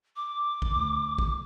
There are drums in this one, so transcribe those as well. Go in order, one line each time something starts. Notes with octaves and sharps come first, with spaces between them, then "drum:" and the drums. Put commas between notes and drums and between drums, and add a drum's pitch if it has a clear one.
D6
drum: kick
D2
drum: kick